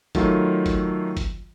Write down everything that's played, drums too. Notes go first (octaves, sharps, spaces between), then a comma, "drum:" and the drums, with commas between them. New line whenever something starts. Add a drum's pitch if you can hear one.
D#3 F#3 A3 F4, drum: kick G1, hi-hat
drum: kick G1, hi-hat
drum: kick G1, hi-hat